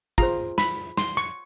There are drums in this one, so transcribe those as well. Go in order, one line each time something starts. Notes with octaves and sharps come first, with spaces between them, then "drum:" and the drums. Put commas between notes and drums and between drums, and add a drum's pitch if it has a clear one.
F4 G#4 C5 A#5, drum: kick
B5, drum: snare
C6, drum: snare
C#6